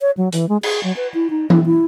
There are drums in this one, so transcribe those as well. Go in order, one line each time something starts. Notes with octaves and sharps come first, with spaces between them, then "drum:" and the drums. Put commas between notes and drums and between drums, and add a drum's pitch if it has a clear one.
C#5
F#3
E3, drum: hi-hat
G#3
G#4, drum: cymbal
F#3
B4
E4
D#4
E4, drum: tom E3
E4